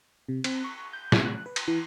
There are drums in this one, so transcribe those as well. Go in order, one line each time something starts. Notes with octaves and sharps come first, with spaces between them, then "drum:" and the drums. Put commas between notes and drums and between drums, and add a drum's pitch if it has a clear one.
C3
C4, drum: cymbal
C#6
G6
E4, drum: snare
F#6
B4
drum: cymbal
E3